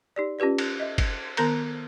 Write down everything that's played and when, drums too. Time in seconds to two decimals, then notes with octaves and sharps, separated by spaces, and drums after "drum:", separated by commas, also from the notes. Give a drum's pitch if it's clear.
0.16 D#4 G4 D5
0.39 C#4 F4 G4 B4 D5
0.58 drum: cymbal
0.80 D#5 E5
0.98 drum: kick, cymbal
1.37 D#3 B3 A#4 A#5, drum: cymbal